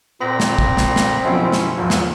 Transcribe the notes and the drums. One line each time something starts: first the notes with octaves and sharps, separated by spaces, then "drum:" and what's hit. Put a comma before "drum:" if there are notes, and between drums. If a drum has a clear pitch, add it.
A#2 C4 B5 A#6
drum: snare
drum: kick
drum: snare
drum: snare
F#2 B2 F3 C#4 E4
drum: snare
E2 G#2 F3 F#3
drum: snare